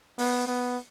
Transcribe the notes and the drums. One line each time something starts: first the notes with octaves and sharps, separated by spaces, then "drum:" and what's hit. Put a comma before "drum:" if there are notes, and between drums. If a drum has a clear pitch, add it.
B3, drum: open hi-hat
B3